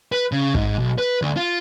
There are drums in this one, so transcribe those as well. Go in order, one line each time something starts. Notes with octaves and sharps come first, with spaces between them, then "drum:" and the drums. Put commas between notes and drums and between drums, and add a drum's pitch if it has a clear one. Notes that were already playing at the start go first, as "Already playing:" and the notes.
B4
C#3
G#2, drum: kick
B1
B4
D2
F4